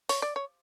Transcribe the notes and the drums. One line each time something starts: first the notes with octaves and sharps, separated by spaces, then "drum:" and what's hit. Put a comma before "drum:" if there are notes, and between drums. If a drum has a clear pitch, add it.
C#5, drum: open hi-hat
D5
C#5